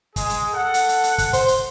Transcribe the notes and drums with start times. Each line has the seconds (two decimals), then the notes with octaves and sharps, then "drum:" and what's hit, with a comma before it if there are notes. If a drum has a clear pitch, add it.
0.16 G#3 G#4, drum: kick, hi-hat
0.29 drum: hi-hat
0.53 A4 F#5
0.74 drum: hi-hat
0.89 drum: hi-hat
1.03 drum: hi-hat
1.18 drum: kick, hi-hat
1.33 C5, drum: kick, hi-hat
1.48 drum: hi-hat